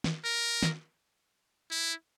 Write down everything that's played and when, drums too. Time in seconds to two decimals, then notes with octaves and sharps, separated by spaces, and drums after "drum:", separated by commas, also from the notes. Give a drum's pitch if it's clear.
0.04 drum: snare
0.24 A#4
0.63 drum: snare
1.71 E4